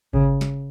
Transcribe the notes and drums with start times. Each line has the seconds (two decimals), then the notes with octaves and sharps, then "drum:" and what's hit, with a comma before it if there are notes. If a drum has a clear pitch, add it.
0.14 C#3, drum: kick G#1
0.41 drum: snare